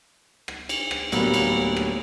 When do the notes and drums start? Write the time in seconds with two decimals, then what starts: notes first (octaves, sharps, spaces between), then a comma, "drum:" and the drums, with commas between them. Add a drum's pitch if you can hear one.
0.48 drum: rim click
0.69 drum: cymbal
0.91 drum: rim click
1.12 D2 A2 F#3 G3 A#3 B3, drum: cymbal
1.34 drum: cymbal
1.76 drum: rim click